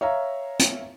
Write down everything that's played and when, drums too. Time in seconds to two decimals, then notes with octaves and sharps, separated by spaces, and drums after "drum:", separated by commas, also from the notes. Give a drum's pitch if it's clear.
0.01 C#5 E5 F5 A#5
0.59 drum: hi-hat